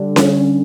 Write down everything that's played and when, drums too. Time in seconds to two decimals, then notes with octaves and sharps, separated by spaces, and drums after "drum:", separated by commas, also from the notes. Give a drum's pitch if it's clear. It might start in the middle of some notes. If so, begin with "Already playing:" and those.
Already playing: D3 G3
0.16 C#4, drum: snare C#4